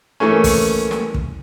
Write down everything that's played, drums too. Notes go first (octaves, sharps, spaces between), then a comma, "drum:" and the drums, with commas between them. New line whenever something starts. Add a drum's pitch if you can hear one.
E3 A3 A#3 C#4
drum: kick, open hi-hat
drum: snare
drum: kick